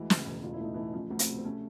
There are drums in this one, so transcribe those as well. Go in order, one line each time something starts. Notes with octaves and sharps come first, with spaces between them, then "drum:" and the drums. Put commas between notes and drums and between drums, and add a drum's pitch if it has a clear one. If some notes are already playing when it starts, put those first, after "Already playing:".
Already playing: D2 E3 G#3 E4
C#3, drum: snare
E1
A1 F4
E4
A3 D#4
E3 A3 E4
F3 C#4
D2
C4, drum: hi-hat
C3
C4
A3 C#4